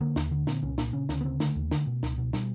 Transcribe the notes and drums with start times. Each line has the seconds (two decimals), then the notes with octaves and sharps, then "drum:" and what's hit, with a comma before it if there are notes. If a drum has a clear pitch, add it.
0.01 D3 A#3
0.16 D#2, drum: snare
0.31 D3
0.47 A#2 C4, drum: snare
0.63 C2 C#4
0.78 A#2 D4, drum: snare
0.93 C#3 C#4
1.09 D2 C#4, drum: snare
1.21 B3
1.25 C#3 C4
1.40 D3 A3, drum: snare
1.56 D#2
1.71 D3, drum: snare
1.87 B2
2.03 C#2, drum: snare
2.18 B2
2.33 B2 G3, drum: snare